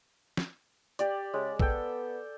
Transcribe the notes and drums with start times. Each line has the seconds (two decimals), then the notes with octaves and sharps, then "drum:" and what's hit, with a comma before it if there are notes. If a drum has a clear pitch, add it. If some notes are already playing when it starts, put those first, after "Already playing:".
0.37 drum: snare
0.99 G4 D5, drum: hi-hat
1.33 C#3 G#3
1.60 B3 A4 G5, drum: kick